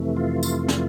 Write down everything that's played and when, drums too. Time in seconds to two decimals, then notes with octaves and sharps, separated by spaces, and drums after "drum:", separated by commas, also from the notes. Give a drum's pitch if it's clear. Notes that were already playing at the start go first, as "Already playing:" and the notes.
Already playing: F2 C3 E3 A3
0.17 F4
0.43 drum: tambourine
0.68 drum: snare